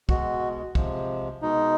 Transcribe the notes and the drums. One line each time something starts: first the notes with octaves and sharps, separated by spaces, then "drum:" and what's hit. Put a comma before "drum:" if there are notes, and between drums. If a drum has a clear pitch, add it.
B2 G#3 F#4, drum: kick
C3 F3 G#3, drum: kick
B2 G#3 D#4